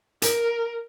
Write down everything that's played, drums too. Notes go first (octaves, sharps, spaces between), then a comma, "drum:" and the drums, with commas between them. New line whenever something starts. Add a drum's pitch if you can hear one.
A#4, drum: hi-hat